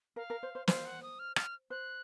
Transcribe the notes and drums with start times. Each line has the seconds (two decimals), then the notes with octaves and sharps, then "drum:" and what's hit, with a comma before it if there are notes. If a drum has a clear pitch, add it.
0.16 A#4 F5
0.30 A#4
0.43 C5
0.55 C5
0.68 C5 F5, drum: snare
0.86 F#5
1.03 D#6
1.19 F6
1.36 F6, drum: rim click
1.70 C5 F#6